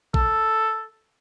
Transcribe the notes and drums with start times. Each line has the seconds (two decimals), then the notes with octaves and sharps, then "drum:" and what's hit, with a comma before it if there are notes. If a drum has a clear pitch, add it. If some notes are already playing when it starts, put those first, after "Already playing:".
0.14 A4, drum: kick A#1